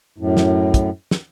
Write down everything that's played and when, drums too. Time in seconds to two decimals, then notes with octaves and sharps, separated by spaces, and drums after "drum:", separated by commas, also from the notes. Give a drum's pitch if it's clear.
0.18 F#2 A2
0.37 drum: snare
0.74 drum: kick, hi-hat
1.11 drum: snare